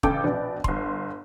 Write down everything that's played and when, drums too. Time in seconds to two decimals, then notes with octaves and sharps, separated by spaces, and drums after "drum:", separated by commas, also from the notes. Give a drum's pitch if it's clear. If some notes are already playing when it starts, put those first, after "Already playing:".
0.03 A1 C#3 A4 G5 D6 G6, drum: kick
0.24 A#1 B2 B3 D4 D5
0.64 G1 C6, drum: kick